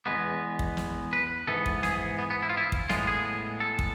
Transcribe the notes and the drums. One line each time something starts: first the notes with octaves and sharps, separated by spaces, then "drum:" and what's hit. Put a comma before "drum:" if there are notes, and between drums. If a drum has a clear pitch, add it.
E2 B2 G#3 B3 B4
drum: kick
drum: snare
B4
G#2 E3 B3 A4
drum: kick
G#4, drum: snare
B3
B3
E4
F4
E4
drum: kick
A2 G#3 B3 F4, drum: snare
G#4
A4
drum: kick